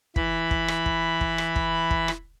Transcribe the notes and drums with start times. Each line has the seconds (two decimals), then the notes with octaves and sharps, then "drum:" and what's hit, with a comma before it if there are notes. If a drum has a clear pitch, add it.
0.16 E3 B5, drum: kick
0.51 drum: kick
0.68 drum: rim click
0.86 drum: kick
1.21 drum: kick
1.38 drum: rim click
1.56 drum: kick
1.91 drum: kick
2.08 drum: rim click